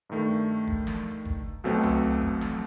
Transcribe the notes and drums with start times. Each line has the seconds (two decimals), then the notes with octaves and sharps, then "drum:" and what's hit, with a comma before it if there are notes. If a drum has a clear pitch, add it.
0.10 G2 D#3 A3
0.67 drum: kick
0.87 drum: snare
1.25 drum: kick
1.64 B1 B2 F#3 A3 C4
1.83 drum: tom C#2
2.22 drum: kick
2.41 drum: snare